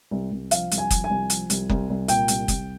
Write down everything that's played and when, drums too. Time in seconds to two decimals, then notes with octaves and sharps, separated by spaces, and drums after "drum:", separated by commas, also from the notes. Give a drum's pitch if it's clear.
0.11 C2
0.32 C2
0.51 F3 F5, drum: hi-hat
0.71 C2, drum: hi-hat
0.78 G#5
0.91 F3, drum: kick F#1, hi-hat
1.04 G#5
1.10 C2
1.30 F3, drum: hi-hat
1.50 C2, drum: hi-hat
1.70 C2, drum: kick F#1
1.90 C2
2.08 A#2 G5, drum: hi-hat
2.28 C2, drum: hi-hat
2.48 C2, drum: kick F#1, hi-hat